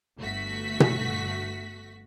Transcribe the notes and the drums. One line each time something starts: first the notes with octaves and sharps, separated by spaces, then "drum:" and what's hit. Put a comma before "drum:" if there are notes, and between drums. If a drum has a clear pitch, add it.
G1 A3 F#4 B6
drum: tom B2